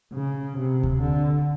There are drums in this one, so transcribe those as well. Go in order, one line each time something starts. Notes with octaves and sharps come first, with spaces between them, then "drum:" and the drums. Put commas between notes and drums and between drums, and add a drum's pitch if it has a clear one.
C#3
C3
drum: kick D2
D3